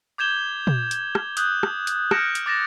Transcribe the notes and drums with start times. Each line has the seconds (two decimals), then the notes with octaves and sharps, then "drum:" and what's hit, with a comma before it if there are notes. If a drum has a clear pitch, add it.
0.18 D6 G6 G#6 E7 G7
0.67 drum: tom
0.91 drum: hi-hat
1.15 drum: rim click
1.37 D#6 F#6 G6, drum: hi-hat
1.63 drum: rim click
1.87 drum: hi-hat
2.11 F6 G6 A#6 C#7 D7 E7, drum: rim click
2.35 drum: hi-hat
2.46 D6 A6 A#6 E7